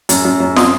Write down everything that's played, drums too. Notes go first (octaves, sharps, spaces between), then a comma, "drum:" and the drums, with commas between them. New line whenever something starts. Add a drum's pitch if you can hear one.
F#2, drum: hi-hat
F#2
F#2
C6 D#6, drum: snare